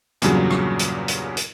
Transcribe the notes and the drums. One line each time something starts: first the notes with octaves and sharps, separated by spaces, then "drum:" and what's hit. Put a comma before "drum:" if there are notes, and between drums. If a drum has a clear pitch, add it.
E2 G2 A#2 C#3 F#3, drum: hi-hat
drum: rim click
drum: hi-hat
drum: hi-hat
drum: hi-hat